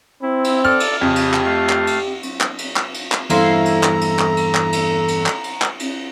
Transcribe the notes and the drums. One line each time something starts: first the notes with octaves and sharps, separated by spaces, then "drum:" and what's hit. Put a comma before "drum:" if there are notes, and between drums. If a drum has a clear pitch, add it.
C4 E4
drum: cymbal
A4 D5 F6
drum: cymbal
F2 C#3 G4
drum: cymbal
drum: clap
A3 F5
drum: clap
drum: cymbal
drum: cymbal
drum: clap
drum: cymbal
drum: clap
drum: cymbal
drum: clap
E2 G2 E4 A4 C5 F5 A#5, drum: cymbal
drum: cymbal
drum: clap
drum: cymbal
drum: clap
drum: cymbal
drum: clap
drum: cymbal
drum: cymbal
drum: clap
drum: cymbal
drum: clap
drum: cymbal